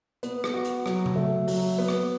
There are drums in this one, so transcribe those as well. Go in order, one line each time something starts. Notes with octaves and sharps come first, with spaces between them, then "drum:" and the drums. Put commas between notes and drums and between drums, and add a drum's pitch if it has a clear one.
B3, drum: hi-hat
drum: rim click
F#4
drum: hi-hat
F#3, drum: rim click
drum: tom C#3
A3
F#3, drum: open hi-hat
B3
drum: rim click